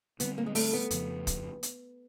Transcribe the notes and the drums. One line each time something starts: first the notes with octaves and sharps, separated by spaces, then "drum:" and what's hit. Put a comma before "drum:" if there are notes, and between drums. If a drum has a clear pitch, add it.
D2 D3 G3 B3 C4, drum: hi-hat
A#3
G#3
A3, drum: open hi-hat
B3
F2 C#3 F3, drum: hi-hat
drum: kick, hi-hat
drum: hi-hat